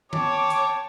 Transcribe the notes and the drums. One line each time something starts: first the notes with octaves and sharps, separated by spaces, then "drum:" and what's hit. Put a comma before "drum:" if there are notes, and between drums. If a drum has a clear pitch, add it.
C#5 G5 A5 D6, drum: tom
drum: hi-hat